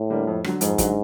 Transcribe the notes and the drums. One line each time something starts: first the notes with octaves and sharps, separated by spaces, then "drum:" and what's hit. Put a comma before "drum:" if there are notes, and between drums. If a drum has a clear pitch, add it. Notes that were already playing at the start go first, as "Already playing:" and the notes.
Already playing: A2
D3 G3 A#3
F2
D3 F#3, drum: rim click
F2 G#2, drum: hi-hat
D3 F#3, drum: kick, hi-hat